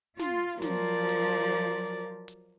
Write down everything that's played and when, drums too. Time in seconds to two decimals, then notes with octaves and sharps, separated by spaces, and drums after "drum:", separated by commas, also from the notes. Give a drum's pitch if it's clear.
0.19 F4, drum: snare
0.62 F3 F#3 A#4 D5, drum: snare
1.09 drum: hi-hat
2.28 drum: hi-hat